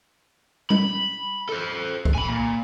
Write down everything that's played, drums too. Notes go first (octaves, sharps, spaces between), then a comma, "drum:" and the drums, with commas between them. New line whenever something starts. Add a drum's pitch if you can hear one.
B5, drum: tom G3
A4 C5
drum: kick C2
G#5 B5
A#2